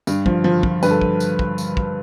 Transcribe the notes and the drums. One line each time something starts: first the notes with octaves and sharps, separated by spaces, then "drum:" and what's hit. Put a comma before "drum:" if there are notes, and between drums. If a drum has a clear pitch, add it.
G2, drum: tambourine
F3, drum: kick
F3
F3, drum: kick
G2 B4, drum: tambourine
A4
drum: kick
drum: tambourine
drum: kick
drum: tambourine
drum: kick